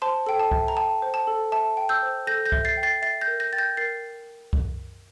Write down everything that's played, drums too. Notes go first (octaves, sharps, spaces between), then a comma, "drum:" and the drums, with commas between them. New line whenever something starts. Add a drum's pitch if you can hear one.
C5 A5 C6
A4 G5
A5
E5, drum: kick C2
A#5
G5 A5
C5
A5
A4
E5 A5
G5
E6 G6
C5
A4 G6 A#6
G6 A#6
E5, drum: kick C2
A6 C7
G5
A6 C7
E5 A6 C7
G6 A#6
A#4
G6 A#6
G5 A6
G6 A#6
A#4 A6 C7
drum: kick C2